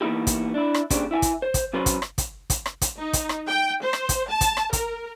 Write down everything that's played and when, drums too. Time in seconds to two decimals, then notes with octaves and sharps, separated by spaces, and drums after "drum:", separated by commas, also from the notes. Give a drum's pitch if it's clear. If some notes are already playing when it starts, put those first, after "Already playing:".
0.01 E3 A#3 B3 D#4 E4 G4
0.27 drum: kick, hi-hat
0.54 D4 E4
0.74 drum: rim click
0.90 D#2 C#3 D4 G4 C5, drum: kick, hi-hat
1.11 E4 E5 G5 G#5
1.22 drum: kick, hi-hat
1.42 C5
1.54 drum: kick, hi-hat
1.73 C3 F#3 C#4 B4 C5 C6
1.86 drum: kick, hi-hat
2.02 drum: rim click
2.18 drum: kick, hi-hat
2.50 drum: kick, hi-hat
2.66 drum: rim click
2.81 drum: kick, hi-hat
2.97 D#4
3.13 drum: kick, hi-hat
3.29 drum: rim click
3.49 G5
3.83 C5
3.93 drum: rim click
4.09 drum: kick, hi-hat
4.30 A5
4.41 drum: kick, hi-hat
4.57 drum: rim click
4.73 A#4, drum: kick, hi-hat